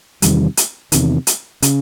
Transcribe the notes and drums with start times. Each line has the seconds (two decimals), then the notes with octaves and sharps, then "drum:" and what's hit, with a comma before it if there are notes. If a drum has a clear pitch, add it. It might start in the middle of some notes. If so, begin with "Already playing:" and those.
0.22 E2 C3 D#3 G3, drum: hi-hat
0.57 drum: hi-hat
0.92 E2 C3 D#3, drum: hi-hat
1.27 drum: hi-hat
1.62 C#3, drum: hi-hat